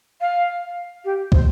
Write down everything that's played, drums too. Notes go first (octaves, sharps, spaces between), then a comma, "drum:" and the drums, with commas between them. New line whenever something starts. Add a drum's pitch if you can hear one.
F5
G4
C5, drum: kick